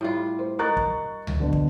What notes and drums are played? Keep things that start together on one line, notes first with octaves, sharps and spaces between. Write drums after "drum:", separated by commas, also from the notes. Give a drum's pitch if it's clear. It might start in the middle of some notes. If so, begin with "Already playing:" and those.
A2 G3 F4
C5
D#4 A#4 C#6 F#6 A6
drum: kick
drum: tom C#2
B2 D3
drum: kick